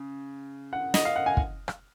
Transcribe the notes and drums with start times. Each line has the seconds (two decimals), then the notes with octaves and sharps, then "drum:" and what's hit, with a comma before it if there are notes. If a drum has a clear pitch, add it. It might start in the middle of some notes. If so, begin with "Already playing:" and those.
Already playing: C#3
0.73 F#5
0.94 D#5, drum: snare
1.05 F5
1.16 F#5
1.26 G#5
1.37 drum: kick
1.68 drum: rim click